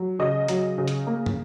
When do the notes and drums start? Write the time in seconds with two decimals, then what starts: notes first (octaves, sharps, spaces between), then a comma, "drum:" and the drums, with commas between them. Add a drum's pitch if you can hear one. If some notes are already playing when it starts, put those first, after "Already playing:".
Already playing: F#3
0.19 C#3 D#5
0.48 F#3, drum: hi-hat
0.78 C#3
0.88 drum: hi-hat
1.07 A#3
1.26 drum: tom